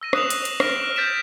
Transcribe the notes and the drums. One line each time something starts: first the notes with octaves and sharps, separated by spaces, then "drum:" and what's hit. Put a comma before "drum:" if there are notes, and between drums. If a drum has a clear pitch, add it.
E6 A#6 D#7
D#6 F#6 E7 F7, drum: rim click
drum: hi-hat
drum: hi-hat
F6 A#6 D7, drum: rim click
F6 E7
F6 G6 A6 B6 D7 E7